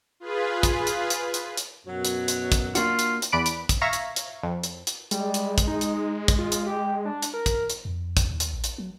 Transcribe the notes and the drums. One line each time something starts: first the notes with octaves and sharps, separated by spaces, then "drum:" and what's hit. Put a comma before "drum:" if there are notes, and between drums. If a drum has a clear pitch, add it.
F4 G#4 B4
drum: kick, hi-hat
drum: hi-hat
drum: hi-hat
drum: hi-hat
drum: hi-hat
F#2 B2 F#3
drum: hi-hat
drum: hi-hat
drum: kick, hi-hat
A#3 D4 F4 F#4, drum: hi-hat
drum: hi-hat
drum: hi-hat
E2 D5 B5 F#6 D7
drum: hi-hat
drum: kick, hi-hat
E5 F5 A#5 C#6 G#6 A#6
drum: hi-hat
drum: hi-hat
F2
drum: hi-hat
drum: hi-hat
G3 G#3, drum: hi-hat
drum: hi-hat
drum: kick, hi-hat
D#4
drum: hi-hat
drum: kick, hi-hat
F4
drum: hi-hat
G4
D4
drum: hi-hat
A#4
drum: kick, hi-hat
drum: hi-hat
F2
drum: kick, hi-hat
D#2
drum: hi-hat
A1
drum: hi-hat
F#3